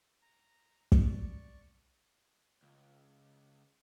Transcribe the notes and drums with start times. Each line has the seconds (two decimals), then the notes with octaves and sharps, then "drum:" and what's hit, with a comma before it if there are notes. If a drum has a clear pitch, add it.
0.22 A#5
0.92 drum: kick
1.02 D5 C#6
2.63 C#2